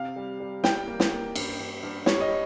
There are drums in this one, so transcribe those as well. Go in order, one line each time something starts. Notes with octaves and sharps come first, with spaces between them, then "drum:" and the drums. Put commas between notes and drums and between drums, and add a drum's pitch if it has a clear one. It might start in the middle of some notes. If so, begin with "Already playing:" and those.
Already playing: C3 F5
G3
G3
G3 G5, drum: snare
A#3
drum: snare
A#3
G2, drum: cymbal
G2
G2
G3 C#5, drum: snare
D#5